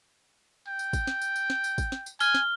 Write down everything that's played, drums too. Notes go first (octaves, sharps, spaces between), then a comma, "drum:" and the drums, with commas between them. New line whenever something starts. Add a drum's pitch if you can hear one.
G5
drum: tambourine
drum: kick, tambourine
drum: snare
drum: tambourine
drum: tambourine
drum: snare
drum: tambourine
drum: kick, tambourine
drum: snare
drum: tambourine
G#5 F6 G7, drum: tambourine
drum: snare